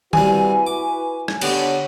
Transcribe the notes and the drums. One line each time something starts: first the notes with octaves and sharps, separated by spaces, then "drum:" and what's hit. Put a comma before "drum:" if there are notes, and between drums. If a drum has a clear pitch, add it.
C3 G3 E4 F#4 B4 G#5, drum: tom D#3
D6
drum: rim click
D3 B3 G4 C#5, drum: cymbal